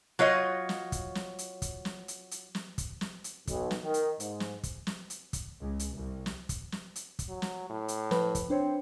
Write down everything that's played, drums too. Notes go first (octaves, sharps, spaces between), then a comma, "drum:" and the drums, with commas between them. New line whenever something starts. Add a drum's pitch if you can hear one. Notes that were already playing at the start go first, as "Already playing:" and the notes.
F#3 F4 C#5 D#5
drum: snare
drum: kick, hi-hat
drum: snare
drum: hi-hat
drum: kick, hi-hat
drum: snare
drum: hi-hat
drum: hi-hat
drum: snare
drum: kick, hi-hat
drum: snare
drum: hi-hat
B1, drum: kick, hi-hat
drum: snare
D#3
drum: hi-hat
G#2, drum: hi-hat
drum: snare
drum: kick, hi-hat
drum: snare
drum: hi-hat
drum: kick, hi-hat
C#2
drum: hi-hat
C2
drum: snare
drum: kick, hi-hat
drum: snare
drum: hi-hat
drum: kick, hi-hat
F#3
drum: snare
A2
drum: hi-hat
F3 B4 B5, drum: snare
drum: kick, hi-hat
C4 D4 C5 C#5